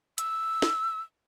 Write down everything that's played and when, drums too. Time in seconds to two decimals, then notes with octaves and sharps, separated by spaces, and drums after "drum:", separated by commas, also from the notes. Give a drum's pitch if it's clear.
0.18 E6, drum: hi-hat
0.62 drum: snare